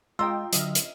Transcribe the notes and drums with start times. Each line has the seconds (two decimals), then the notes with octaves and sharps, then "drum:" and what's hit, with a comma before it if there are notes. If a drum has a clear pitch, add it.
0.19 G#3 F4 D#5 G5 A#5 C6 E6
0.53 D3 F#3 D#5 E5 F6, drum: hi-hat
0.75 drum: hi-hat